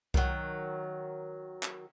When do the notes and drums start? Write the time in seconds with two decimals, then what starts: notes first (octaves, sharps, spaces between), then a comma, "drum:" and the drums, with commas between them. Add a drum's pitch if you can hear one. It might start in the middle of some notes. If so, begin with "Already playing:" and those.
0.14 D#3 F#3, drum: kick C2
1.63 drum: clap